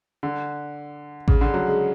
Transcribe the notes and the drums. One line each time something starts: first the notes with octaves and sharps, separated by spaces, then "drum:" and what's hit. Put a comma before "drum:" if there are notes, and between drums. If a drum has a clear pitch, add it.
D3
C#3, drum: kick A1
D3
F#3
G#3